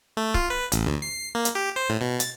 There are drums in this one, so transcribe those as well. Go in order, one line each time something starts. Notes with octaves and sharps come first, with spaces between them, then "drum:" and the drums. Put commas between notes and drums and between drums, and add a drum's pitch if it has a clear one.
A3
F4, drum: kick C#1
B4
A1, drum: hi-hat
D2
C7
A#3
drum: hi-hat
G4
C5
A2
B2
A6, drum: hi-hat